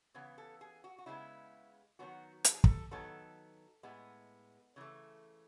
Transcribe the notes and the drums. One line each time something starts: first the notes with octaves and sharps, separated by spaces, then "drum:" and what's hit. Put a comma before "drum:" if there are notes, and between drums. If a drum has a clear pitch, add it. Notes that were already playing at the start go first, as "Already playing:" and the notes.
C#3 E3 B3
A4
G#4
F#4
F#4
C#3 G#3 B3 E4
D#3 F#3 B3 F#4
A4, drum: hi-hat
G#4
A4, drum: kick
D#3 F#3 B3 A4
A2 G#3 B3
C#3 E3 A3